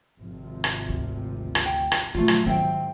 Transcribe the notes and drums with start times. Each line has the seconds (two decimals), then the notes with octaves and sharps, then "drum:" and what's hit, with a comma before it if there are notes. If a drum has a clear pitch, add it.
0.19 G#1 C3 F3
0.64 drum: rim click
0.89 D2
1.55 drum: rim click
1.65 G5
1.92 drum: rim click
2.14 B2 D3 D#3 F3 F#3 A3 F4
2.28 drum: rim click
2.46 G#2 D#3 C4 C#4 E5 G5